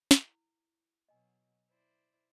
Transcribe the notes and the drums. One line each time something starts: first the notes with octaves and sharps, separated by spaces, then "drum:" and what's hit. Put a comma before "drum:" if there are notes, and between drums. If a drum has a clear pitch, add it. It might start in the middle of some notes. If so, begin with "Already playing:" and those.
drum: snare
E4
B2 F#3 D#5 G#5
E4 C5 D5